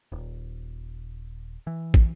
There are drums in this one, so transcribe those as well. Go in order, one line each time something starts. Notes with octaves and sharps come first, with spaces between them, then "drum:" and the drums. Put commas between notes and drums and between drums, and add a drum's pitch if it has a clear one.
D#1
E3
drum: kick